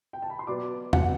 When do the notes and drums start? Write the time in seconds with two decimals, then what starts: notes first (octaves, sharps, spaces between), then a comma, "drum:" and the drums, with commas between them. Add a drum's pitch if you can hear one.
0.13 G5
0.22 A5
0.30 B5
0.39 C6
0.47 B2 F#3 B3 D5 D6
0.93 F#4 F#5, drum: tom E2